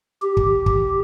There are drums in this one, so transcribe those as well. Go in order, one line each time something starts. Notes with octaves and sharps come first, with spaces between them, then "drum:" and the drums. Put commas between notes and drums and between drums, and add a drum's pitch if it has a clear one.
G4
drum: kick
drum: kick